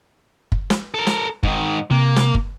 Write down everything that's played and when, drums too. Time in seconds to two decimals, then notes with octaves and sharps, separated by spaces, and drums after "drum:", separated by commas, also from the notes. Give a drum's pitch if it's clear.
0.52 drum: kick
0.70 drum: snare
0.94 A4 A#4
1.07 drum: snare
1.43 G#2 D#3, drum: kick
1.91 C3 A#3
2.16 drum: snare
2.35 drum: kick